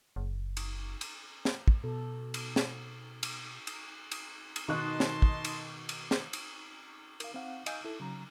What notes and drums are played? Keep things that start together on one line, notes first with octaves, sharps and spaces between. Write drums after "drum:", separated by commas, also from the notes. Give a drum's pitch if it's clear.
F#1
drum: cymbal
drum: cymbal
drum: snare
drum: kick
B2 A4
drum: cymbal
drum: snare
drum: cymbal
drum: cymbal
drum: cymbal
drum: cymbal
B2 D#3 D#4 D#5 A5 C6 C#6 F#6
drum: snare
drum: kick
drum: cymbal
drum: cymbal
drum: snare
drum: cymbal
A#4 F5, drum: cymbal
C4 F5 F#5
D#5 F5 G#5 G6, drum: cymbal
E4 A4
C#3 F#3 A#5